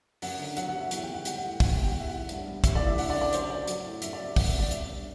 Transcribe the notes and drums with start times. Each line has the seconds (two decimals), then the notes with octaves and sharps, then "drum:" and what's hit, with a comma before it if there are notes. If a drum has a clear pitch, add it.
0.22 F#2 F#5, drum: open hi-hat
0.39 D3
0.57 F#3 F#5, drum: hi-hat
0.68 F#5
0.74 F#3
0.80 E5
0.91 E2 F#5, drum: hi-hat
1.03 G5
1.09 E2
1.14 F#5
1.25 G3 G5, drum: hi-hat
1.37 F#5
1.43 A2
1.49 F#5
1.60 G3 F#5, drum: kick, open hi-hat
1.72 G5
1.78 B2
1.83 G5
1.92 E2 F#5
2.00 E5
2.08 E2 F#5
2.29 G2, drum: hi-hat
2.47 G3
2.64 G3 E5, drum: kick, hi-hat
2.75 D5
2.81 A2
2.87 E5
2.98 D3 F#5, drum: open hi-hat
3.10 D5
3.15 F#2
3.21 D5
3.33 F#3 C5, drum: hi-hat
3.50 F#3 D5
3.67 F#3, drum: hi-hat
3.85 A2
4.02 F#2 E5, drum: hi-hat
4.13 D5
4.19 F#3
4.24 E5
4.36 F#2 F#5, drum: kick, open hi-hat
4.48 E5
4.53 G3
4.59 D5
4.71 F#3 E5, drum: hi-hat
4.88 G2